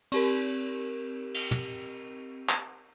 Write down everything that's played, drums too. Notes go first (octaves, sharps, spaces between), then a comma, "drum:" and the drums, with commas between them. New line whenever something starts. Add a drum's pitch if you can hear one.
C4 G4 A#4, drum: cymbal
drum: cymbal
drum: tom
drum: clap